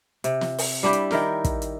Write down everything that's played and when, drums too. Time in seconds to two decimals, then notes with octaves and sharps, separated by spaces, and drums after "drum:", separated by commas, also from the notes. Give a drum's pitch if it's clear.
0.24 C3, drum: hi-hat
0.41 drum: snare
0.58 drum: open hi-hat
0.83 G3 D4 E4 G4
0.93 drum: hi-hat
1.11 D#3 E4 A#4 G5, drum: snare
1.44 drum: kick, hi-hat
1.62 drum: hi-hat